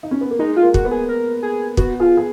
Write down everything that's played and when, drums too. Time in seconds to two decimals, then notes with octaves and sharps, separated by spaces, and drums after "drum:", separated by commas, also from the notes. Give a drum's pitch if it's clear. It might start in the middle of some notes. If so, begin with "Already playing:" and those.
0.03 D#4
0.11 C#4
0.21 B3
0.31 A#3
0.39 G#3 D#4
0.57 F4
0.63 A#3
0.74 F#4, drum: kick
0.85 B3
0.91 G#4
1.09 A#4
1.43 G#4
1.77 B3 F#4, drum: kick
2.00 F4 G#4
2.17 G#4